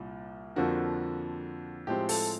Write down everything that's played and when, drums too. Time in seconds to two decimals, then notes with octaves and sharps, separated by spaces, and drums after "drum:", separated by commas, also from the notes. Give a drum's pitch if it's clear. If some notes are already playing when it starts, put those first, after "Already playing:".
Already playing: C2 A#2 G3
0.56 F2 D3 F3 A#3 D4 F#4
1.87 A2 F3 G#3 C4 G4
2.09 A4, drum: open hi-hat